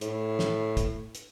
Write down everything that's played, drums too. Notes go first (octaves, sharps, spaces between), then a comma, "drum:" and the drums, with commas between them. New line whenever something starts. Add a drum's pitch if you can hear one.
A2, drum: hi-hat
drum: snare
drum: kick, hi-hat
drum: hi-hat